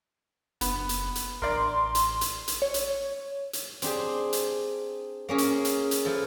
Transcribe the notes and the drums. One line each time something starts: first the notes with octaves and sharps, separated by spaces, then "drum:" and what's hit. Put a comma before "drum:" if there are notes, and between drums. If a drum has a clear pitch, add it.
F#1 B3, drum: hi-hat
drum: hi-hat
drum: hi-hat
A1 A#4 D5 C6
drum: hi-hat
drum: hi-hat
drum: hi-hat
C#5
drum: hi-hat
drum: hi-hat
C4 D4 G4 G#4, drum: hi-hat
drum: hi-hat
A#3 C#4 G#4
drum: hi-hat
drum: hi-hat
drum: hi-hat
F3 E4 A4